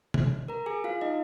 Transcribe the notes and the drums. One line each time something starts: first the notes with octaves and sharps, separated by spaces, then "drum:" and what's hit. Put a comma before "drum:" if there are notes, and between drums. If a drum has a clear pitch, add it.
drum: tom
A#4 A#5
G#4 G#5
F4 F5
D#4 D#5